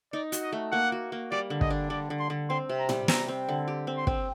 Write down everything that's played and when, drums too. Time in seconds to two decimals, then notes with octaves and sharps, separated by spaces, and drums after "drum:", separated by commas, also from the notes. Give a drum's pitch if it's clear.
0.13 D#4 D5
0.32 F#4, drum: hi-hat
0.42 D#5
0.52 A3
0.72 A#3 F#5
0.92 F#4
1.12 A#3
1.31 G3 D5
1.50 D3
1.61 D#5, drum: kick
1.70 D4
1.90 D3 D5
2.10 D3
2.19 C6
2.30 D3
2.49 C4 C6
2.69 C3
2.79 A#5
2.89 G3, drum: tom
3.08 C4 A#5, drum: snare
3.28 C4
3.49 D3
3.68 G4
3.87 C4
3.97 C6
4.07 C4, drum: kick